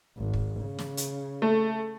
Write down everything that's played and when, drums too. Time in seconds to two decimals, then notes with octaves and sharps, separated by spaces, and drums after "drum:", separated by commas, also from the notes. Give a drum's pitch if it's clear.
0.18 G#1
0.33 drum: kick
0.62 C#3
0.79 drum: snare
0.97 drum: hi-hat
1.42 A3